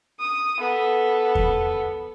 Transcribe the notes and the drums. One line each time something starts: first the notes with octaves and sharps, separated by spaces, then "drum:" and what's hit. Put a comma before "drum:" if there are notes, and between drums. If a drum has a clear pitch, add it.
D#6
B3 A4
drum: kick E2